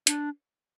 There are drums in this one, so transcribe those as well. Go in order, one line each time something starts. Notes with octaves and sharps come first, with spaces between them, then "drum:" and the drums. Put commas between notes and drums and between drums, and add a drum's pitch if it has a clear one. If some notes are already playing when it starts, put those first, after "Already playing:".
D4, drum: hi-hat